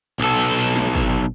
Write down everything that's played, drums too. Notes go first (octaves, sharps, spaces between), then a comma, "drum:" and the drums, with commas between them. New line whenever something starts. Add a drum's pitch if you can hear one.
B1 A4, drum: tambourine
drum: tambourine
drum: tambourine
drum: snare
drum: kick, tambourine